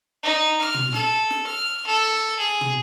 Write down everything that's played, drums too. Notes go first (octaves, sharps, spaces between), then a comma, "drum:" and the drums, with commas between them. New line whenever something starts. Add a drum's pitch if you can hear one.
D#4
F6
drum: tom
A4, drum: snare
drum: snare
F6
A4
G#4
drum: tom